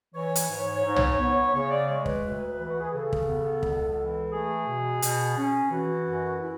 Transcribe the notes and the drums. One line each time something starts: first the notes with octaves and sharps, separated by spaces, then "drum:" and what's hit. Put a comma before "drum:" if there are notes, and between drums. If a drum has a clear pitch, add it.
E3 C#5
drum: hi-hat
G#2
G#2
drum: tom
B3
C#3 C#5
D5
G#3 C#5
B4, drum: kick
D2
E3
F#4
G#4
C#3 A4
drum: kick
B3
C#2, drum: kick
E3
A3 G#4
B2
B2, drum: hi-hat
C#4
E3 F#4
F#2
E4